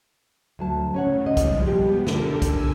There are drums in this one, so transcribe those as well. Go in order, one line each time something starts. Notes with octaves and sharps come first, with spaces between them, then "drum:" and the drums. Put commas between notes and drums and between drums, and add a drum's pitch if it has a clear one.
D2 F#3 A5
A2 C#3 C#4 C#5 F#5
F3 G3 G#3 D#5
drum: kick, hi-hat
B2 B3 G4
D3 G4 A4 A#4, drum: snare
G#5 E6, drum: kick, hi-hat